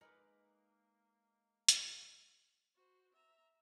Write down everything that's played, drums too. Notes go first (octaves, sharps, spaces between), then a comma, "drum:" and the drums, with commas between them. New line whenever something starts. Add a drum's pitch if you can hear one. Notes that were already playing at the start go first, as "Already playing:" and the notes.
G#3 A#3 D#4 A#4 B4 D5
drum: hi-hat
F#4 C5
E5 A#5